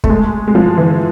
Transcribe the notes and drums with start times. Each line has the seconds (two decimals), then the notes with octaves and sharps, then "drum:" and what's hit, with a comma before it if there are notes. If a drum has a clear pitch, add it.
0.04 A3, drum: kick
0.09 G#3
0.48 G#3
0.55 F3
0.78 E3